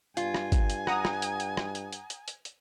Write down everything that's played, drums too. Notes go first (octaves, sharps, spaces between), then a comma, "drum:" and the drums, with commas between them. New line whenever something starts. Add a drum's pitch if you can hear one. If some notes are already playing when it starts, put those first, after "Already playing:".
G2 F4 G#5, drum: hi-hat
drum: rim click
drum: kick, hi-hat
drum: hi-hat
F#5 A#5 D#6, drum: rim click
drum: rim click
drum: hi-hat
drum: hi-hat
drum: rim click
drum: hi-hat
drum: hi-hat
drum: hi-hat
drum: hi-hat
drum: hi-hat